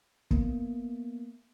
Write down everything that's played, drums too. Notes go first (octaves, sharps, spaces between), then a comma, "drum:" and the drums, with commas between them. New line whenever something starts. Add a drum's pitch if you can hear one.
A#3 B3, drum: kick